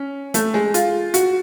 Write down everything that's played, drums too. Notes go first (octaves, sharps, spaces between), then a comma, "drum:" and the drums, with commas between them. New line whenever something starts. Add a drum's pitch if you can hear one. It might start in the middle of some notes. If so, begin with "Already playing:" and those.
Already playing: C#4
A3, drum: hi-hat
G#3
F4, drum: hi-hat
F#4, drum: hi-hat